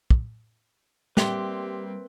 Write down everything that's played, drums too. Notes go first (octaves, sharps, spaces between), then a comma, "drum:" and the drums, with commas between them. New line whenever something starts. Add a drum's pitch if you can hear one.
drum: kick
G3 A#3 C4 G4 B4 E5 C6, drum: snare